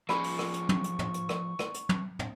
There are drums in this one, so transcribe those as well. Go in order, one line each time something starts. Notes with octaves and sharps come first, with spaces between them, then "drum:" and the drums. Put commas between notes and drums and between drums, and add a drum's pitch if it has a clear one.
F3 C#4 F4 G#4 B5 C#6, drum: rim click
drum: open hi-hat
drum: rim click
drum: hi-hat
drum: tom
drum: hi-hat
drum: tom
drum: hi-hat
drum: rim click
drum: rim click
drum: hi-hat
drum: tom
drum: tom